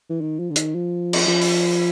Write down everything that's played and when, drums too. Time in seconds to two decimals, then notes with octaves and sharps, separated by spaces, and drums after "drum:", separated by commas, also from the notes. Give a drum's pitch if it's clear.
0.10 E3
0.21 D#3
0.39 F3
0.51 D3
0.56 D#3, drum: hi-hat
0.75 F3
1.13 drum: cymbal
1.27 F3
1.42 drum: open hi-hat